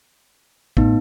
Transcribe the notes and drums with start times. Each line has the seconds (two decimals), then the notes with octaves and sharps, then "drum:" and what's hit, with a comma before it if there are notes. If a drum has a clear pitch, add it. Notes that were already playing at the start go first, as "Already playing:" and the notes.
0.77 A2 B3 D#4, drum: kick A1